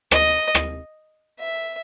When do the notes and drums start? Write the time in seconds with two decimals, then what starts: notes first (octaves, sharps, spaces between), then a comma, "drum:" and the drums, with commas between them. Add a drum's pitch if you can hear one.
0.11 D#5, drum: rim click
0.55 drum: rim click
1.39 E5